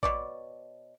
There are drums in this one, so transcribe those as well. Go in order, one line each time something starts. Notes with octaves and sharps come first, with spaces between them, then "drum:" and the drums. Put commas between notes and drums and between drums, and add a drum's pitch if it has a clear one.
B2 C#5 D5, drum: kick A1